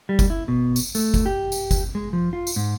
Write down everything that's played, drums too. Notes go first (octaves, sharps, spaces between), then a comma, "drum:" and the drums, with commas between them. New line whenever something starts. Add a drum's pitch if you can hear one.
G3
drum: kick F#1, tambourine
E4
B2
drum: tambourine
A3, drum: tambourine
drum: kick F#1, tambourine
G4
drum: tambourine
drum: kick F#1, tambourine
G#3
F3
F4
drum: tambourine
G#2